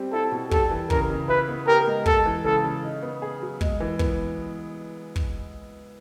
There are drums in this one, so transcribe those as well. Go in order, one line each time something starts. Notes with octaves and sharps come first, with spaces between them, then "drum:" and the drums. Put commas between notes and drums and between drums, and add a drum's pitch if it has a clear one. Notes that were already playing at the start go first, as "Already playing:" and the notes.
Already playing: G3 C4
E4 A4
B2
G3 A4, drum: kick
E3
C#3 A#4, drum: kick
C#3
E4 B4
B3
G4 A#4
G#3
G#3 A4, drum: kick
E3
C#3 A4
C#3
D#4
B3
G#4
F#3
G#3, drum: kick
E3
B3, drum: kick
drum: kick